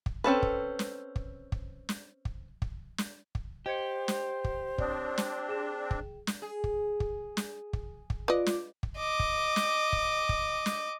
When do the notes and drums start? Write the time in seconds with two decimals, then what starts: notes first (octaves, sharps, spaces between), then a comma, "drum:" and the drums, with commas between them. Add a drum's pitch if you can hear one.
0.06 drum: kick
0.24 C4 C#4 A4 B4
0.43 drum: kick
0.79 drum: snare
1.16 drum: kick
1.52 drum: kick
1.89 drum: snare
2.25 drum: kick
2.62 drum: kick
2.98 drum: snare
3.35 drum: kick
3.66 G4 C5 D#5 G#6 C#7
4.08 drum: snare
4.44 drum: kick
4.78 C4 D4 C#5 D5 D#6, drum: kick
5.18 drum: snare
5.49 G#4 G5 E7
5.91 drum: kick
6.27 drum: snare
6.42 G#4
6.64 drum: kick
7.00 drum: kick
7.37 drum: snare
7.73 drum: kick
8.10 drum: kick
8.28 F4 B4 D5 D#5 D6
8.46 drum: snare
8.83 drum: kick
8.98 D#5 D6
9.20 drum: kick
9.56 drum: snare
9.93 drum: kick
10.29 drum: kick
10.66 drum: snare